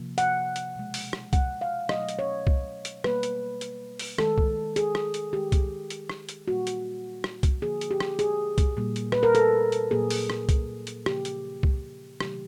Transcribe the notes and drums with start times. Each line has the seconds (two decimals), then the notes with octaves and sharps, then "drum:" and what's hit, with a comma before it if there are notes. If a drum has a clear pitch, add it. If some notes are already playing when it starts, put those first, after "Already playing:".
Already playing: C3 F3 A#3
0.18 F#5, drum: hi-hat
0.56 drum: hi-hat
0.75 B2 G#3
0.94 drum: open hi-hat
1.13 drum: rim click
1.33 F#5, drum: kick C2, hi-hat
1.61 F5
1.89 B2 F#3 A3 D#5, drum: rim click
2.09 drum: hi-hat
2.19 C#5
2.47 drum: kick C2
2.85 drum: hi-hat
3.04 B2 G3 A#3 B4, drum: rim click
3.23 drum: hi-hat
3.61 drum: hi-hat
3.99 drum: open hi-hat
4.18 D#3 G#3 A4, drum: rim click
4.38 drum: kick C2
4.76 G#4, drum: hi-hat
4.95 drum: rim click
5.14 drum: hi-hat
5.33 D#3 G#3 G4
5.52 drum: kick C2, hi-hat
5.90 drum: hi-hat
6.10 drum: rim click
6.29 drum: hi-hat
6.48 A#2 G3 A#3 F#4
6.67 drum: hi-hat
7.24 drum: rim click
7.43 drum: kick C2, hi-hat
7.62 D3 F3 A#3 G#4
7.81 drum: hi-hat
7.91 G4
8.00 drum: rim click
8.19 G#4, drum: hi-hat
8.58 drum: kick C2, hi-hat
8.77 A#2 G3 A#3
8.96 drum: hi-hat
9.12 B4, drum: rim click
9.23 A#4
9.35 A4, drum: hi-hat
9.72 drum: hi-hat
9.91 A#2 F#3 A#3 G#4
10.10 drum: open hi-hat
10.30 drum: rim click
10.49 drum: kick C2, hi-hat
10.87 drum: hi-hat
11.06 C#3 F3 A#3 G4, drum: rim click
11.25 drum: hi-hat
11.63 drum: kick C2
12.20 C3 D#3 F#3 A3 G4, drum: rim click